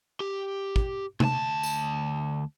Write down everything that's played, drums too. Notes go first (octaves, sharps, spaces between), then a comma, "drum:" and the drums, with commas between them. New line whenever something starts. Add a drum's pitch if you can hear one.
G4
drum: kick
D2 A5, drum: tom C3
drum: tambourine